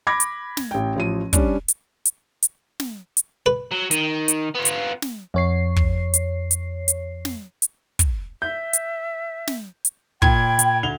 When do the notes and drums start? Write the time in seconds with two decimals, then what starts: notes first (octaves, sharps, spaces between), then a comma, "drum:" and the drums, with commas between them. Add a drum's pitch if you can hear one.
0.07 B5 D6 G#6 A#6
0.20 drum: hi-hat
0.57 drum: snare
0.71 A1 G5
0.96 A1 F3 D#7
1.33 G3 C#4 D4, drum: kick, hi-hat
1.68 drum: hi-hat
2.05 drum: hi-hat
2.42 drum: hi-hat
2.80 drum: snare
3.17 drum: hi-hat
3.46 B4
3.72 F#3
3.91 D#3, drum: hi-hat
4.28 drum: hi-hat
4.55 B3 F4
4.65 drum: hi-hat
5.02 drum: snare
5.34 F2 C#5 C7
5.76 drum: kick
6.14 drum: hi-hat
6.51 drum: hi-hat
6.88 drum: hi-hat
7.25 drum: snare
7.62 drum: hi-hat
7.99 drum: kick, hi-hat
8.42 E5 G6
8.73 drum: hi-hat
9.47 drum: snare
9.85 drum: hi-hat
10.22 A#2 G5 B5 G#6, drum: kick
10.59 drum: hi-hat
10.83 D2 F7 G7